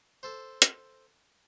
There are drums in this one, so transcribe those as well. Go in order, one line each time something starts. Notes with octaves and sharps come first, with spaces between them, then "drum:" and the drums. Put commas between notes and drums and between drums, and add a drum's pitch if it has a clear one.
A4 C5
drum: hi-hat